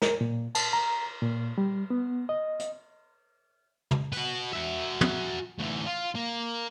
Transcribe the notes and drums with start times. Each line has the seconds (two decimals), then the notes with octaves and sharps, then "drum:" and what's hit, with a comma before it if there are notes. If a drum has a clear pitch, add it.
0.02 A#4, drum: snare
0.21 A#2
0.55 A5, drum: cymbal
0.73 A#5
1.22 A#2
1.58 G3
1.90 B3
2.29 D#5
2.59 drum: hi-hat
3.91 drum: tom
4.13 F#4 B4, drum: open hi-hat
4.53 F#4 E5
5.01 drum: tom
5.59 D2 E3
5.86 F4
6.15 A#3